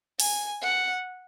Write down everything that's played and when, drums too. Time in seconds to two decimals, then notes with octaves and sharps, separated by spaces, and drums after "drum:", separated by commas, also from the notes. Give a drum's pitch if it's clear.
0.20 G#5, drum: open hi-hat
0.62 F#5